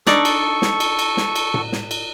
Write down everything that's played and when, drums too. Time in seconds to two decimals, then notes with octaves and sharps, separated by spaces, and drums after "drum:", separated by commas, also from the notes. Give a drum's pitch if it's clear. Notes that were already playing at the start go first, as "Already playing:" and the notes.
0.07 D4 D#4 A4 D5 C#6, drum: snare
0.25 drum: cymbal
0.62 drum: snare
0.80 drum: cymbal
0.99 drum: cymbal
1.17 drum: snare
1.36 drum: cymbal
1.54 drum: tom A2
1.72 drum: snare
1.91 drum: cymbal